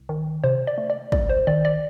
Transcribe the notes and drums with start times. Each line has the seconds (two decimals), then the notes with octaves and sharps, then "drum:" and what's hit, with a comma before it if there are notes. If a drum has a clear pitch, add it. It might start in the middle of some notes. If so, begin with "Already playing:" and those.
Already playing: C2
0.09 D#3
0.44 C3 C5
0.67 D5
0.78 A3
0.90 D5
1.12 C2 D5, drum: kick
1.29 C5
1.47 D#3 D5
1.65 D5